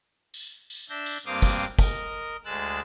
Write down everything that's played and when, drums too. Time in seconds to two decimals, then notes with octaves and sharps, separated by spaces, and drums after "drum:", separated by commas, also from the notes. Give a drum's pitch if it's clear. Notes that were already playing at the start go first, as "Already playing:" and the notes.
0.34 drum: tambourine
0.70 drum: tambourine
0.89 D4 E5 G6 A#6
1.06 drum: tambourine
1.26 G2 A#3 C4 F5 D6 D#6
1.42 drum: kick, tambourine
1.79 A#4 D#5, drum: kick, tambourine
2.45 D2 G#3 E6 F#6 A6